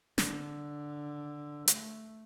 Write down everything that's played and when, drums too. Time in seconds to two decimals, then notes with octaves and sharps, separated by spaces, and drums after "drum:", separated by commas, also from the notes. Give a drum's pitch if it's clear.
0.18 D3, drum: snare
1.68 A3, drum: hi-hat